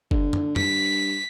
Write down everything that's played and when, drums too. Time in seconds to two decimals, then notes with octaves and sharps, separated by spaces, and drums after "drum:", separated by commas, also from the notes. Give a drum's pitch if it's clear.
0.11 D3, drum: kick F#1
0.33 drum: tom
0.56 G2 B6, drum: tom